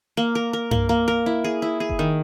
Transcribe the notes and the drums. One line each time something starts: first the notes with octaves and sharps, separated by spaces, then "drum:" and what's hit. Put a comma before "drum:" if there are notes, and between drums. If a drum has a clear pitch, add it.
A#3
A#4
A#4
A#3, drum: tom G2
A#3
A#4
E4
G#4
E4
G#4
drum: kick F#1
D#3